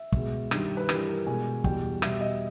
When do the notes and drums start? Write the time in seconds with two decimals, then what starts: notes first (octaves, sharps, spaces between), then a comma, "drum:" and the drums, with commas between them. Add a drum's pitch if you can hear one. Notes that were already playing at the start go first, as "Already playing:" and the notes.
Already playing: E5
0.12 B2 G#3, drum: kick
0.51 G2 D#3 G3, drum: rim click
0.77 B4
0.89 G2 E3 G3 A#4, drum: rim click
1.08 A#4
1.27 B2 G#3 G#5
1.64 E2 B2 G3 G5, drum: kick
2.02 B2 G3 E5, drum: rim click
2.21 D#5